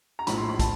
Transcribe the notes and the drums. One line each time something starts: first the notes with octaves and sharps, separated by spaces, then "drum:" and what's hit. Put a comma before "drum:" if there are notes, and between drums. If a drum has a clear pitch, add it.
A#5
A#1 A2 F3 B5, drum: hi-hat
C6
B5
A5, drum: kick, hi-hat